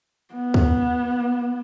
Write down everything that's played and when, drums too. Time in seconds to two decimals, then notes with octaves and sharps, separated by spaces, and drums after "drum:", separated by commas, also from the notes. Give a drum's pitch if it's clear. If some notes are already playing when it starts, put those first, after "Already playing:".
0.34 B3
0.54 drum: kick D2